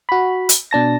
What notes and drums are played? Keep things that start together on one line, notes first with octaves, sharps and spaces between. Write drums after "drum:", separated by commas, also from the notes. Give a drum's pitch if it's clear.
F#4 B5
drum: hi-hat
B2 D4 A5 A#6